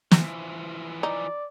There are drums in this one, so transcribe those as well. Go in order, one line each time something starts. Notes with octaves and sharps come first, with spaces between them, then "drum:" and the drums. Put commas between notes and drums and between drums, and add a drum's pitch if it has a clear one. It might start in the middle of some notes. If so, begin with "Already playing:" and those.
E3 F3, drum: snare
D#4 D5